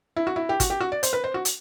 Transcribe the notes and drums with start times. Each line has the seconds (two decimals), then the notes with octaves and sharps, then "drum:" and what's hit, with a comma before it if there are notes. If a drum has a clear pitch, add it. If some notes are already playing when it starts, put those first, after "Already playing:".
0.16 E4
0.27 F#4
0.36 E4
0.49 G4
0.60 F#4, drum: kick, hi-hat
0.70 G4
0.81 F#4
0.92 D5
1.03 C5, drum: hi-hat
1.13 B4
1.24 C5
1.34 F#4
1.45 drum: hi-hat